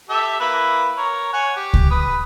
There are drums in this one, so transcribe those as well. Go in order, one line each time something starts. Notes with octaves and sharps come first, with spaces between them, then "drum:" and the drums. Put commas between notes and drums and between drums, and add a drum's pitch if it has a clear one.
G4 A4 E5
A#3 E4 B4
A#4 C#5
C#5 F#5 G#5
G4
drum: kick C#2
B4 D#6